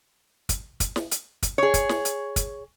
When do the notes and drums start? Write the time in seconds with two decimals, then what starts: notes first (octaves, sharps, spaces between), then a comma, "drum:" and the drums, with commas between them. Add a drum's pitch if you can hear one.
0.49 drum: kick, hi-hat
0.80 drum: kick, hi-hat
0.96 drum: snare
1.11 drum: hi-hat
1.43 drum: kick, hi-hat
1.58 G#4 C#5
1.74 drum: kick, hi-hat
1.89 drum: snare
2.05 drum: hi-hat
2.36 drum: kick, hi-hat